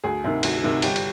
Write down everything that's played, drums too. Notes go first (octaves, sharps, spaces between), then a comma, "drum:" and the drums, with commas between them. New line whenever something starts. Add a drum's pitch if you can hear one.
D2 G#4
C3 D#3
D2, drum: cymbal
C3 D#3
G1 G4, drum: cymbal
drum: cymbal